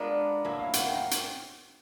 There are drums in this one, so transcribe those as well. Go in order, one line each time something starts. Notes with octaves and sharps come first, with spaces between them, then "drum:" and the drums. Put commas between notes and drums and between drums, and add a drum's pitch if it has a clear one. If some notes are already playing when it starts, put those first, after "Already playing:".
Already playing: G#3 B3 D4 F4 A#4
A2 F#3 A#3 E5
F5
F#5, drum: hi-hat
G5
drum: hi-hat